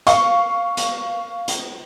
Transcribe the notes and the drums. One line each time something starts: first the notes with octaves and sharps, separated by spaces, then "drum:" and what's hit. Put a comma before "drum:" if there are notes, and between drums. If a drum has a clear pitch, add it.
F5 C#6, drum: hi-hat
drum: hi-hat
drum: hi-hat